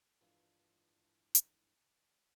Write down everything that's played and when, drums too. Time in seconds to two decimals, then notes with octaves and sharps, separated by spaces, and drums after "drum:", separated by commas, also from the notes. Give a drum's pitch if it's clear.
0.21 G2 D#3 E3 G#3 D4 F4
1.35 drum: hi-hat